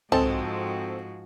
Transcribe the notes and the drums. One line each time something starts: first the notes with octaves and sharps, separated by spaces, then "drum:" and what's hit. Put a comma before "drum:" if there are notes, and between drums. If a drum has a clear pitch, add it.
G#2 F3 G#3 C4 F#4 A4 A5, drum: tom